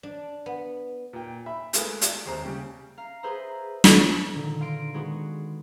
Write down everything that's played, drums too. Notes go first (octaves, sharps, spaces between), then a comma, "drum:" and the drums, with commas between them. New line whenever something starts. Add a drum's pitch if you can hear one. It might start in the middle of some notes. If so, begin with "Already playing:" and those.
D4
B3
A#2 G5
E5 B5
G#3 A3 A#4 B4, drum: hi-hat
D5, drum: hi-hat
D#2 C3 G#3 C5 A#5
C#3 G3 G5
F5 A#5
G#4 B4 C5 E5 A#5
drum: snare
A#2 D3 D#3
F5 C6 A#6 D7
D#3 G#3 B3 F#4